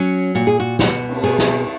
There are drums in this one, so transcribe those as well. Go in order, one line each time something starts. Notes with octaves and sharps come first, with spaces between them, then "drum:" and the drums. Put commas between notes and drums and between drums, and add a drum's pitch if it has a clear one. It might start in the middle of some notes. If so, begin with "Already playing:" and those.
Already playing: F#3 C#4
A#2 F#4
G#4
F#4
B2 F#4, drum: snare
drum: cymbal
B2 G#4
drum: snare